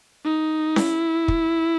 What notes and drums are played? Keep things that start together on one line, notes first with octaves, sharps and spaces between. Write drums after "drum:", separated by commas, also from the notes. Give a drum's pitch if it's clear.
D#4
E4, drum: snare C#4
drum: kick